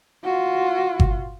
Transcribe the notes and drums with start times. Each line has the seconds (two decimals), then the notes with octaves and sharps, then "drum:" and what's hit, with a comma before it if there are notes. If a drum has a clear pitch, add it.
0.24 F4 F#4
1.00 drum: kick G1